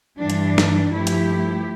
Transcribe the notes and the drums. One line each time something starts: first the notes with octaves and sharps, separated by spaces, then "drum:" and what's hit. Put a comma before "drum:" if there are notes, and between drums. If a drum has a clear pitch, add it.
G2 E3 G3 D4
drum: hi-hat
drum: snare
G2 F3 A3 E4 G4
drum: hi-hat